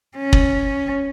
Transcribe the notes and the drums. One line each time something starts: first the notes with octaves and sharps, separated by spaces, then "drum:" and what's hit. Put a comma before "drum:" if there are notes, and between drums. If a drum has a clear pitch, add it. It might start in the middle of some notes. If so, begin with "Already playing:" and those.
C#4
drum: kick